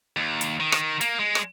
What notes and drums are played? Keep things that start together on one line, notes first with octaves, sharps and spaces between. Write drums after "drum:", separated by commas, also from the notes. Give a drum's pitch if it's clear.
D#2
drum: hi-hat
D#3
drum: rim click
A#3, drum: hi-hat
G#3
drum: rim click